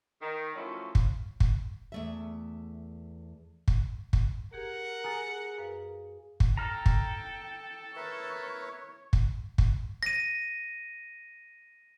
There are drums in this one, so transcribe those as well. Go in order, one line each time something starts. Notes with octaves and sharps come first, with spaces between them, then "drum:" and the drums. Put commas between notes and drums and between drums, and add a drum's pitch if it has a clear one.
D#3
F3 F#3 A3 C#4 E4
drum: kick
drum: kick
E2 A3 E5
drum: kick
drum: kick
G4 G#4 A#4 F#5
G#4 A#5 F6 A6
F#2 B4 F5
drum: kick
A4 G5 A#5 F6
drum: kick
A#4 B4 C#5 E5
drum: kick
drum: kick
A#6 D#7